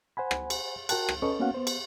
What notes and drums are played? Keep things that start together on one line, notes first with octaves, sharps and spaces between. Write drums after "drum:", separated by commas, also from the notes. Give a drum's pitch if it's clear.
C5 F#5 G#5 B5
drum: rim click
drum: cymbal
F#4 A#4 G5 A5 F#6, drum: cymbal
drum: rim click
C#4 A4 B4 D#5 C#6
A#3 B3 C#4 F#4 F5 F#5
B3 C5
drum: cymbal